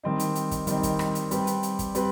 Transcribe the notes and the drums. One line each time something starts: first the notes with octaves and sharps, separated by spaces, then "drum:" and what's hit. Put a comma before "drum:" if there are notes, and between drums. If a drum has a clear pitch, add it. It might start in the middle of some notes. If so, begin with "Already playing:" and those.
D#3 G3 C4 D#4
drum: hi-hat
drum: hi-hat
drum: kick, hi-hat
D#3 G3 C4 D#4, drum: hi-hat
drum: kick, hi-hat
drum: rim click
drum: hi-hat
G3 C4 G4 B4, drum: hi-hat
drum: hi-hat
drum: hi-hat
drum: kick, hi-hat
G3 C4 G4 B4, drum: hi-hat